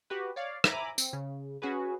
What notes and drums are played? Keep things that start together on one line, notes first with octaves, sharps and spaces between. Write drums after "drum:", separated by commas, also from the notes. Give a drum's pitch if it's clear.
F#4 G4 B4
C#5 D5 F5
E5 G#5 A#5 B5 D6, drum: rim click
C4, drum: tambourine
C#3
C#4 F#4 G#4 B4